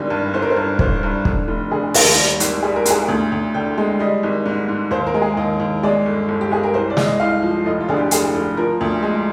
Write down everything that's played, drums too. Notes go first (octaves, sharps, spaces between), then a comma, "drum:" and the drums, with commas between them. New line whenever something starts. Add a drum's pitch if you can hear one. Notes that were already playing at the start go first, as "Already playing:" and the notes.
Already playing: G#1 D3 G3
G2
G1 C5
A#4
C5
G2
G1 C5, drum: kick
G2
D3, drum: kick
F1
D3 G#4
D#2, drum: open hi-hat
G3
G#1, drum: hi-hat
G3 G#4
A#4
G#2 G#4, drum: hi-hat
D2
D2
D3 G5
G#3
G3 D#5
G#1
G#2
G#2
D#2 C5
A#4
G#3
G#4
D#2 D#5
D#2
G#3 D5
G1
G1
G4
G1 G#4
A#4
C2 C5
D5
G#3, drum: snare
D#5
C2 F5
F3
F1 D#5
F4
D3 G#4
G4
F1 G#4, drum: hi-hat
F1
F3 A#4
D2
G#3